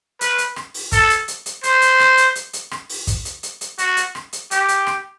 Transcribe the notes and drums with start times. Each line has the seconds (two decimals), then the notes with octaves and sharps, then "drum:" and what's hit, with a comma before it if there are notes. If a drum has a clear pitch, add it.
0.21 B4, drum: hi-hat
0.38 drum: hi-hat
0.56 drum: rim click
0.74 drum: open hi-hat
0.92 A4, drum: kick, hi-hat
1.10 drum: hi-hat
1.28 drum: hi-hat
1.46 drum: hi-hat
1.64 C5, drum: hi-hat
1.82 drum: hi-hat
2.00 drum: rim click
2.18 drum: hi-hat
2.36 drum: hi-hat
2.54 drum: hi-hat
2.71 drum: rim click
2.89 drum: open hi-hat
3.07 drum: kick, hi-hat
3.25 drum: hi-hat
3.43 drum: hi-hat
3.61 drum: hi-hat
3.78 F#4, drum: hi-hat
3.97 drum: hi-hat
4.15 drum: rim click
4.33 drum: hi-hat
4.51 G4, drum: hi-hat
4.69 drum: hi-hat
4.87 drum: rim click